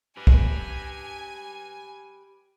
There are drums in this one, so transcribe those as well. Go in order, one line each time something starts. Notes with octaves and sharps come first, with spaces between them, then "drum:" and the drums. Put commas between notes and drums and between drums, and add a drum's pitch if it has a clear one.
G4 B4 G#5
drum: kick B1